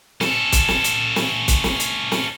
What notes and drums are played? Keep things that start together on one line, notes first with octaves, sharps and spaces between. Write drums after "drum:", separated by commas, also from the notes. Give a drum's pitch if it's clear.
C#4 A4, drum: snare
drum: kick, hi-hat
drum: snare
drum: hi-hat
drum: snare
drum: kick, hi-hat
drum: snare
drum: hi-hat
drum: snare